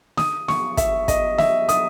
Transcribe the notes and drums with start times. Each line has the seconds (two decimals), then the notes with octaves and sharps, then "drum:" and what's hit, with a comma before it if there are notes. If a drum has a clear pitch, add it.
0.17 D#6, drum: snare
0.48 C#6, drum: snare
0.77 E5, drum: kick, hi-hat
1.08 D#5, drum: kick, hi-hat
1.38 E5, drum: snare
1.69 D#6, drum: hi-hat